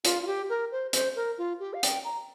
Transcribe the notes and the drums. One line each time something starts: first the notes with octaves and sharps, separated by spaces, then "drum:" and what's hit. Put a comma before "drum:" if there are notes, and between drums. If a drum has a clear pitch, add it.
F4, drum: hi-hat
F4
G4
A#4
C5
C5, drum: hi-hat
A#4
F4
G4
F5
G5, drum: hi-hat
A#5